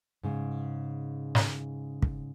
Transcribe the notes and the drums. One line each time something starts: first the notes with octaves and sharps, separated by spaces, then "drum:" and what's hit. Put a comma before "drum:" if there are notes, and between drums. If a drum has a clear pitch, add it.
G#2 C#3
drum: snare
drum: kick